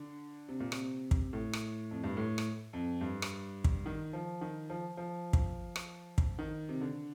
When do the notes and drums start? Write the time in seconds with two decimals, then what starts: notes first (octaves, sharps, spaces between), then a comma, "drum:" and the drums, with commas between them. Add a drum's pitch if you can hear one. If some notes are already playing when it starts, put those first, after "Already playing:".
Already playing: D3
0.48 C3
0.60 A#2
0.72 C3, drum: rim click
1.11 drum: kick
1.33 A2
1.53 drum: rim click
1.91 F2
2.04 G2
2.17 A2
2.38 drum: rim click
2.73 F2
3.01 G2
3.22 drum: rim click
3.64 drum: kick
3.86 D#3
4.13 F3
4.41 D#3
4.70 F3
4.97 F3
5.33 drum: kick
5.76 drum: rim click
6.18 drum: kick
6.39 D#3
6.69 C3
6.81 D3